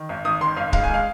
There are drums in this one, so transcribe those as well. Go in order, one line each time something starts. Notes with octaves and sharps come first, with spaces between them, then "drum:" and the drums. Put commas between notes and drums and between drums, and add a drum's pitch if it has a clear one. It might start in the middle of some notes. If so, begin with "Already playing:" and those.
Already playing: D#3
G#1
G#1 D#6
D#3 C6
G#1 F5
G#3 F5, drum: kick C#1
G#5
G#3 F5